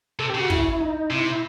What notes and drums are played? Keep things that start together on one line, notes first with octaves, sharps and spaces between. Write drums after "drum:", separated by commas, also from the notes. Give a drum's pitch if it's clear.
C3 A4
G4
C#3
F#4
E4, drum: kick
D#4
C3 E4